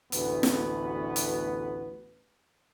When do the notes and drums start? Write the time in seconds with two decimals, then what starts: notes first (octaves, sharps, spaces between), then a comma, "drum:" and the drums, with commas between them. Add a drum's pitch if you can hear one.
0.12 A1 D2 B3 F#4 B4, drum: hi-hat
0.43 drum: snare
1.16 drum: hi-hat